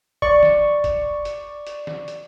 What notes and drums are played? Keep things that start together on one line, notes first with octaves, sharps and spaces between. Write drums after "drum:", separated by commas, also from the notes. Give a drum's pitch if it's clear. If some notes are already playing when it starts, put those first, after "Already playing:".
D5 C#6, drum: kick F#1
drum: snare
drum: kick F#1, hi-hat
drum: hi-hat
drum: hi-hat
drum: snare
drum: hi-hat